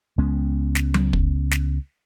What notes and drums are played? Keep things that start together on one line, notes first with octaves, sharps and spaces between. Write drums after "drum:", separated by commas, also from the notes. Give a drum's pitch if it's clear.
C#2 G#3 B3 C#4
drum: snare
drum: tom F#3
drum: kick
drum: snare